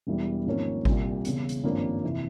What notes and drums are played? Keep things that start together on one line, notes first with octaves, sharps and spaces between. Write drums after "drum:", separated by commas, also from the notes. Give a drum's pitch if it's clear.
E1 E2 E3 G3
G#1 G#2 F3 A#3 C#4
C2 A#2 G3, drum: kick G#1
E1 E2 C#3, drum: hi-hat
drum: hi-hat
G#1 G2 F3 A#3 C#4
F2 C3 E3